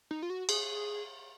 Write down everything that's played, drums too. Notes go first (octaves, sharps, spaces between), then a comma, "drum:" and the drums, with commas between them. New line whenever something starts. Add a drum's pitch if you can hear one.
D#4
F4
F#4
G#4, drum: cymbal